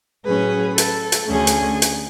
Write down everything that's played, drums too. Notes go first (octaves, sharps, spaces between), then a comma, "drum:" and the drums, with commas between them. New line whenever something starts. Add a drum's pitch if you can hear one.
A2 F#3 C#4 G#4 B4
A4, drum: hi-hat
drum: hi-hat
D2 D3 A3 C#4 G#4
drum: hi-hat
drum: hi-hat